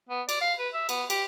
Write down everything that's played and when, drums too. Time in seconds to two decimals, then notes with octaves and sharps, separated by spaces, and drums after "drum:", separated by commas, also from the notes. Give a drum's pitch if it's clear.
0.09 B3
0.29 D5, drum: cymbal
0.41 F5
0.59 B4
0.74 E5
0.89 B3, drum: cymbal
1.10 G4, drum: cymbal